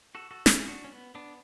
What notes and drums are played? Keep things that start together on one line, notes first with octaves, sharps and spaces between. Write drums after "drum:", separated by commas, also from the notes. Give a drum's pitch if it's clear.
F#4 A4
F#4 A4
E4 G#4, drum: snare
D4 F#4
C#4
B3
B3 D4